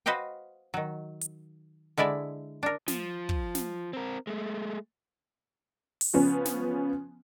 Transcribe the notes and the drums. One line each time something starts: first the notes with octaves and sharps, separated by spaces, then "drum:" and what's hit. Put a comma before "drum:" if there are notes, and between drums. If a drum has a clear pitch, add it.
F#4 B4 C5 D#5 F5 G5
D#3 F#3
drum: hi-hat
D3 G#3 E4 D5 E5
D4 A#4
F3, drum: snare
drum: kick
drum: snare
C4 A#4
G#3 A3
drum: open hi-hat
C#3 F3 B3 C#4
drum: snare